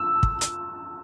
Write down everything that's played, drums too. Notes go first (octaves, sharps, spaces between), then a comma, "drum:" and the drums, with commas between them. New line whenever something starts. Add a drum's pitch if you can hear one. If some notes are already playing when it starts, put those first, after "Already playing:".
Already playing: E6
drum: kick
drum: hi-hat